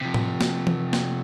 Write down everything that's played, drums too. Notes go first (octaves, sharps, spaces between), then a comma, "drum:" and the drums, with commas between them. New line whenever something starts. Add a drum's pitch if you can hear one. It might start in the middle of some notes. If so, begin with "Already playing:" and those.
C3 F3
drum: tom A2
drum: snare
drum: tom E3
drum: snare